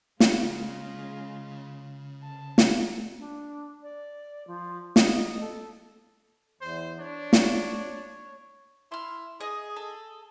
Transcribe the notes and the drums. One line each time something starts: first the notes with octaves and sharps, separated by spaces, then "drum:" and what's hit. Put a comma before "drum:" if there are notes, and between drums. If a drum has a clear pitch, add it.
C#3 G#3 F4, drum: snare
A5
drum: snare
D4
D5
F3
D#5, drum: snare
A4
E2 C5
D4 C#5
drum: snare
E4 C6 F6
G#4 D#5
A4